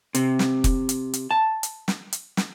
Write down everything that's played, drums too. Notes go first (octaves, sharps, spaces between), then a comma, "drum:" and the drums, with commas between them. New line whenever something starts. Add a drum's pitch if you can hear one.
C3, drum: hi-hat
drum: snare
drum: kick, hi-hat
drum: hi-hat
drum: hi-hat
A5
drum: hi-hat
drum: snare
drum: hi-hat
drum: snare